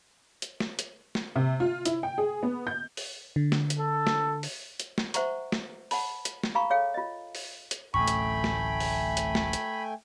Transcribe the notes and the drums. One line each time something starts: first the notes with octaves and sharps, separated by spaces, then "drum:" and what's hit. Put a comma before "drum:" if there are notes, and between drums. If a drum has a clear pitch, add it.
drum: hi-hat
drum: snare
drum: hi-hat
drum: snare
C3
F4
E4, drum: hi-hat
G5
G#4
B3
G6
drum: open hi-hat
D3
drum: snare
drum: hi-hat
A4
drum: snare
drum: open hi-hat
drum: hi-hat
drum: snare
C5 E5 F#5 A#5 C#6, drum: hi-hat
drum: snare
F#5 A5 B5, drum: open hi-hat
drum: hi-hat
drum: snare
G#4 F5 A#5 B5 C#6
G#4 A4 C#5 F5 G5
F4 D#5
drum: open hi-hat
drum: hi-hat
D1 A1 A3 G5 G#5 B5 C#6
drum: hi-hat
drum: snare
drum: open hi-hat
drum: hi-hat
drum: snare
drum: hi-hat